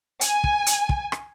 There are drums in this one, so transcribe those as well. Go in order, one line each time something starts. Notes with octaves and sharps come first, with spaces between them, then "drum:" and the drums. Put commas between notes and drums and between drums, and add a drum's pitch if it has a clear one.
G#5, drum: hi-hat
drum: kick
drum: hi-hat
drum: kick
drum: rim click